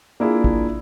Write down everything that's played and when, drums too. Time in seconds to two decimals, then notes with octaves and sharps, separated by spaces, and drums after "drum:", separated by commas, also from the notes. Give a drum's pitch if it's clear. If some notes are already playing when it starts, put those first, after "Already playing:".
0.20 A#3 D4 E4 F4 G#4
0.44 drum: kick